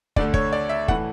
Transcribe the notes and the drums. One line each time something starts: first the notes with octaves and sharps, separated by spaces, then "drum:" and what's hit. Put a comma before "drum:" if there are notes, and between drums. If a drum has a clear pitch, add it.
D2 D3 A3 D5, drum: kick
C#5, drum: kick
D5
E5
A2 E3 A3 F#5, drum: kick